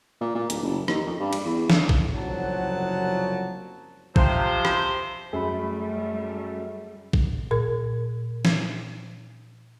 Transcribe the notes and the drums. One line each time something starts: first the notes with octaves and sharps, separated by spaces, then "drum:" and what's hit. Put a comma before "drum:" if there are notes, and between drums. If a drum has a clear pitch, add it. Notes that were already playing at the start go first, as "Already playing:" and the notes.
A#2
A#2
D1, drum: hi-hat
F#1
D#2, drum: rim click
F2
G2
drum: cymbal
E2
D3, drum: snare
drum: kick
F#1 C2 F3 F#3 F#5 A5
C3 F3 C5, drum: kick
drum: rim click
F#2 G3 A3 G#4 B5
drum: kick
A#2 A#4
drum: snare